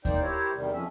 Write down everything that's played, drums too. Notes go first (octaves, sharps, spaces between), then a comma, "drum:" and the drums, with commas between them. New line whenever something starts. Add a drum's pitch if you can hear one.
A#3 D#4 C5 D5 G5, drum: kick D#2, hi-hat
E4 G4 A#4 C5 C#5
E2 C3 D#3 G3
F2 F3 C#4 E5